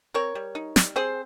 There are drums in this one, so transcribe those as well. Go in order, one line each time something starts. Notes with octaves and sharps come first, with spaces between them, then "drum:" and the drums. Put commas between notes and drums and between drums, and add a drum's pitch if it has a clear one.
C4 A#4 C#5
G3
D#4
G3, drum: snare
C4 G#4 C5